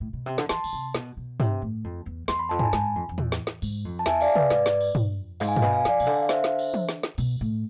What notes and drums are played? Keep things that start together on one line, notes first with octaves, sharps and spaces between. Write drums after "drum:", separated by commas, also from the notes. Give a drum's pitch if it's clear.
A2
B2
C3
D3, drum: snare
E3 A5 C6, drum: snare
D3, drum: open hi-hat
C3
B2, drum: snare
B2
C3, drum: tom
A2
F2
E2
E2 C6, drum: snare
B5
F2 A5
G#5 B5, drum: tom
G#2, drum: snare
F2
F2
E2, drum: tom A2
drum: snare
drum: snare
G#2, drum: open hi-hat
F2
A5
E2 E5 G#5, drum: snare
D5 F5, drum: open hi-hat
B4 D5, drum: tom C3
G#2 B4 D5, drum: snare
drum: snare
drum: open hi-hat
B2, drum: tom
F2
G#2 F5, drum: open hi-hat
G#5
F5, drum: tom
B2 G#5
F5
G#5
F3 D5 F5, drum: snare
C3, drum: open hi-hat
D3
F5
C5 E5, drum: snare
drum: snare
drum: open hi-hat
drum: tom
drum: snare
drum: snare
B2, drum: open hi-hat
A2